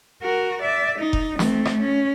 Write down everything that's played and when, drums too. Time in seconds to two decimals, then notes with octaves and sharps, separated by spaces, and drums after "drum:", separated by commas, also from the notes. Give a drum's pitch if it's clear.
0.23 F#4 A#4
0.62 D5 E5
0.99 D#4
1.13 drum: kick F1
1.39 A3 C4, drum: snare
1.65 drum: rim click
1.81 C#4